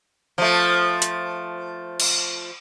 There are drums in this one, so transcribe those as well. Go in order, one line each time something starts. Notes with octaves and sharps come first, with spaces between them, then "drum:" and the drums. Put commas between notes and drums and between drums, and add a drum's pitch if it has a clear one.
F3 A3
drum: hi-hat
drum: cymbal